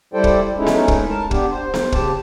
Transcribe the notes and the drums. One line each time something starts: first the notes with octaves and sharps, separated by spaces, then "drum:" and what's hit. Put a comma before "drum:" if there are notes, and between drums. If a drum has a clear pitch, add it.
G3 E4 A4 C5 D5 G5
drum: kick
G#3 A3 C#4 D#4 E4
drum: snare B3
drum: kick
A#4 A5
D3 B3 D4 G4, drum: kick
C5
drum: snare B3
C#3 G4 A5, drum: kick